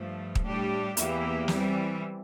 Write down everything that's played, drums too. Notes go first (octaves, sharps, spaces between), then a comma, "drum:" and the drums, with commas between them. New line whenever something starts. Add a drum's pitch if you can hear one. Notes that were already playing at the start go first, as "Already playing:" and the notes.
Already playing: G2 F3 A3
drum: kick
A2 G3 D4 G4
E2 E3 A#3 E4 G4, drum: hi-hat
E3 G3 C4, drum: snare